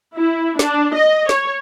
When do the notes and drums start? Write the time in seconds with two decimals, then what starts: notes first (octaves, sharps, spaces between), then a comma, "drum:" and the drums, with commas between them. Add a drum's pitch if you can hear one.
0.17 E4
0.59 D4, drum: snare
0.94 D#5
1.29 C#5, drum: snare